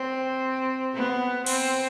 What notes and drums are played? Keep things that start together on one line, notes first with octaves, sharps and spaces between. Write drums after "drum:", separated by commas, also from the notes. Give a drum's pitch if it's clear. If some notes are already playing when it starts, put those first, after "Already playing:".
Already playing: C4
B3
C4, drum: cymbal